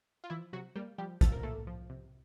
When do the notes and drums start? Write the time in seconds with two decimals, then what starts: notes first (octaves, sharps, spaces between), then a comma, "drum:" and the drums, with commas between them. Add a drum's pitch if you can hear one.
0.24 F4
0.30 E3 F3 E4
0.53 C3 F#3 F#4
0.76 G3 A#3 G4
0.98 F3 G3 G4
1.21 F3 A4, drum: kick, hi-hat
1.32 A#4
1.43 A3 A#3 A4
1.67 F3
1.90 C3